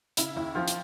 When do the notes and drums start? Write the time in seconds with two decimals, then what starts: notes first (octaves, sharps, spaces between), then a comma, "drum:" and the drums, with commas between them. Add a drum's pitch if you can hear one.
0.17 C#3 E4, drum: hi-hat
0.36 D#2 E4
0.55 D#2 F3 F4
0.68 drum: hi-hat